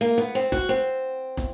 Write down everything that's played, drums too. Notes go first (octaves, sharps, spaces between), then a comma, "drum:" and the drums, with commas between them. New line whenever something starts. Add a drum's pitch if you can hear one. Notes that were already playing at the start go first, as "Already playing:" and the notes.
A#3
B3
C4
F#4, drum: snare
C4
drum: snare